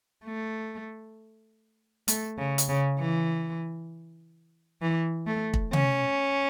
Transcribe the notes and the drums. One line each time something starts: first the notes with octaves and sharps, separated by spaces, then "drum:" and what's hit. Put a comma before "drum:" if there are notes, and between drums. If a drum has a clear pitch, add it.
A3
A3, drum: hi-hat
C#3
drum: hi-hat
C#3
E3
E3
A3
drum: kick
C#4, drum: tom C3